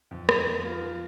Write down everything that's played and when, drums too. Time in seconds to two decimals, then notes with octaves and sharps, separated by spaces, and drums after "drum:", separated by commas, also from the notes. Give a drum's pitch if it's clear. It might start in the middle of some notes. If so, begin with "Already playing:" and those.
0.11 F2
0.29 F2, drum: rim click
0.47 B3
0.65 F4
0.83 F3